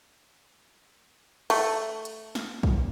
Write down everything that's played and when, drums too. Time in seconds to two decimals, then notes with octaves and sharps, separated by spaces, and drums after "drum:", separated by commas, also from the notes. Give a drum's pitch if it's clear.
1.50 A3, drum: cymbal
2.05 drum: hi-hat
2.35 drum: snare
2.63 drum: kick A#1